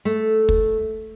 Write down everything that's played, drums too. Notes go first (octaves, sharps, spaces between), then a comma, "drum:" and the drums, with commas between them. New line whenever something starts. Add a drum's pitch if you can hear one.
A3
drum: kick